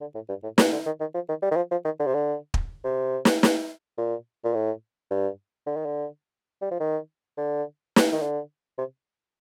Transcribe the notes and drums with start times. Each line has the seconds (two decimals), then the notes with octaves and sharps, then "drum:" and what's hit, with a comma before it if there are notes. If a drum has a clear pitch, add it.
0.01 D3
0.15 A2
0.29 G2
0.43 A2
0.58 A#2, drum: snare
0.72 D3
0.86 D#3
1.00 D#3
1.14 F3
1.29 D#3
1.42 G3
1.52 D#3
1.56 F3
1.71 F3
1.85 D#3
1.99 D3
2.06 C3
2.14 D3
2.54 drum: kick
2.84 C3
3.25 drum: snare
3.43 drum: snare
3.97 A#2
4.44 A#2
4.54 A2
5.11 G2
5.67 D3
5.77 D#3
5.86 D3
6.62 G3
6.71 F3
6.80 D#3
7.37 D3
7.96 drum: snare
8.13 D#3
8.22 D3
8.78 C3